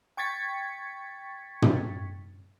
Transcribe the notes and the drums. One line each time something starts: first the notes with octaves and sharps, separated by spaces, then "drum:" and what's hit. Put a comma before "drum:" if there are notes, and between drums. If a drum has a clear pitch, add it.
G5 C#6 G#6 A6 B6 C#7
drum: tom